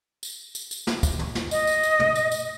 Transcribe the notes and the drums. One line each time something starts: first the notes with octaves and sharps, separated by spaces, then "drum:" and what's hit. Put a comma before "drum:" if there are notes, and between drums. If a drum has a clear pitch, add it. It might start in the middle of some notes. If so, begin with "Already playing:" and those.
drum: tambourine
drum: tambourine
drum: tambourine
drum: snare
drum: kick, tambourine
drum: tom
drum: snare
D#5, drum: tambourine
drum: tambourine
drum: tambourine
drum: tom
drum: tambourine
drum: tambourine